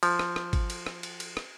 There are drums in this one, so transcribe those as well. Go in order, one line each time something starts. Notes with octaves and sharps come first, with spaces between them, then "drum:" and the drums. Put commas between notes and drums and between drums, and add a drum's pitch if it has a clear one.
F3, drum: cymbal
drum: rim click
drum: rim click
drum: kick G#1, cymbal
drum: cymbal
drum: rim click
drum: cymbal
drum: cymbal
drum: rim click